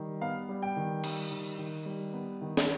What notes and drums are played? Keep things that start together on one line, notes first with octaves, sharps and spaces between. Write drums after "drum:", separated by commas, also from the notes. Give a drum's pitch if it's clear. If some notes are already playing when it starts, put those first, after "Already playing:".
Already playing: D#3 G3
B3 F5
G3
G5
D#3
G3, drum: cymbal
D#3
D#3
G3
B3
D#3
drum: snare